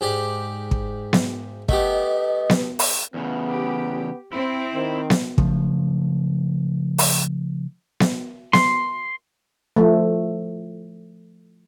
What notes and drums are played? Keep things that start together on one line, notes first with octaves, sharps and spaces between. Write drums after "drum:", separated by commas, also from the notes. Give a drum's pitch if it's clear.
G#2 G4 D5
drum: kick
drum: snare B3
A3 B3 G4 D#5, drum: kick
drum: snare B3
drum: open hi-hat
E2 C#3 B3
G4
C4 E4
D#3
drum: snare B3
C#3 F3 A3, drum: kick
drum: open hi-hat
drum: snare B3
C6, drum: snare B3
F3 A3